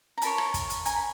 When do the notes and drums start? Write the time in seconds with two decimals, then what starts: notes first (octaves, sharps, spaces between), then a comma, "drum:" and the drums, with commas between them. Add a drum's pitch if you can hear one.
0.18 A#5
0.22 F4 A#4 C#5 A5 B5, drum: hi-hat
0.38 drum: rim click
0.54 drum: kick, hi-hat
0.70 drum: hi-hat
0.86 G#5 A#5, drum: hi-hat
0.96 B5